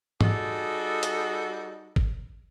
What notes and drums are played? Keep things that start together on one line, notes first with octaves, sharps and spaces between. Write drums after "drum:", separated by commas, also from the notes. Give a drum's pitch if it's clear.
G3 D#4 F#4 G#4 A4, drum: tom G#2
drum: hi-hat
drum: kick